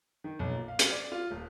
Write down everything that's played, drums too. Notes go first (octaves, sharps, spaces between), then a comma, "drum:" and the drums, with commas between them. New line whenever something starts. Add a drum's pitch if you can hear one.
D#3
B1
A#2
F5
drum: hi-hat
D5
F4
D#1